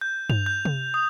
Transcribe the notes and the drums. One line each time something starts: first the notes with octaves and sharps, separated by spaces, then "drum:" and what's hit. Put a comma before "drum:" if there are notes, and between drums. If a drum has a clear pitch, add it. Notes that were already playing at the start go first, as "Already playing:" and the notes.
G6
F7, drum: tom G2
G6
drum: tom C3
D#6